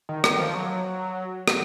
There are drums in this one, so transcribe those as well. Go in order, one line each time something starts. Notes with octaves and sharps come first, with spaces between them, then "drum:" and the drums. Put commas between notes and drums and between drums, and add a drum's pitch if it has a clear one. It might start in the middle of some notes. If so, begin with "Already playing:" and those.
D#3
D#3, drum: rim click
F3
F#3
drum: rim click